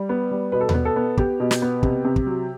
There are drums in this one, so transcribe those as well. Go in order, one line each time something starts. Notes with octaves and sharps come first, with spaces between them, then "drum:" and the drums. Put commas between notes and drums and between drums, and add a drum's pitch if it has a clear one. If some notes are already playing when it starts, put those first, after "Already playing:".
Already playing: G3
B3
G3
B2 B4
A4
B4, drum: tom D#2
B3
A4
B3
B3 G4, drum: kick
B2
drum: snare
B3
C3, drum: kick
C3
drum: kick
F#3